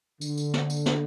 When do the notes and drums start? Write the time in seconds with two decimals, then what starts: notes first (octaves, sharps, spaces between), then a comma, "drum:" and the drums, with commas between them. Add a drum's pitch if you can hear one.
0.21 D3, drum: tambourine
0.37 drum: tambourine
0.54 drum: snare
0.70 drum: tambourine
0.86 drum: snare